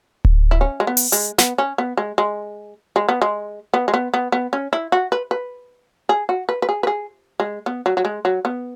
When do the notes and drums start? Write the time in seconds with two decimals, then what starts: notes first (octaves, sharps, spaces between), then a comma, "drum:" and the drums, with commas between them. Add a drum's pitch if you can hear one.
0.25 drum: kick D1
0.51 E4
0.61 C#4
0.80 G#3
0.87 B3
0.97 drum: open hi-hat
1.12 G#3, drum: hi-hat
1.38 B3, drum: snare
1.58 C#4
1.78 B3
1.97 G#3
2.18 G#3
2.96 G#3
3.09 B3
3.22 G#3
3.74 B3
3.88 G#3
3.94 B3
4.14 B3
4.32 B3
4.53 C#4
4.73 E4
4.92 F#4
5.12 B4
5.31 B4
6.09 G#4
6.29 F#4
6.49 B4
6.62 B4
6.69 G#4
6.83 B4
6.87 G#4
7.40 G#3
7.66 B3
7.86 F#3
7.97 F#3
8.05 G#3
8.25 F#3
8.45 B3